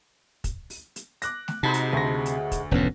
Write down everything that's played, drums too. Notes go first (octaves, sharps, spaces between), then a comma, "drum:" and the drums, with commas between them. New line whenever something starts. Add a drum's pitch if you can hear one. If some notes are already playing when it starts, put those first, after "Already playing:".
drum: kick, hi-hat
drum: open hi-hat
drum: hi-hat
D6 F#6 A#6, drum: hi-hat
drum: snare
C3 G#3 D#4 F#4 A5 B5 C6
drum: hi-hat
D2 A#6
drum: hi-hat
drum: kick, hi-hat
F1 D2 A2 B3 C#4